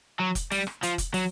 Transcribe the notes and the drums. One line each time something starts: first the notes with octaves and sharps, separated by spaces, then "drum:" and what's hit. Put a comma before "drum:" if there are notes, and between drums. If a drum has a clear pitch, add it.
F#3
drum: kick F1, hi-hat
G3, drum: open hi-hat
drum: rim click
F3, drum: hi-hat
drum: kick F1, hi-hat
F#3, drum: open hi-hat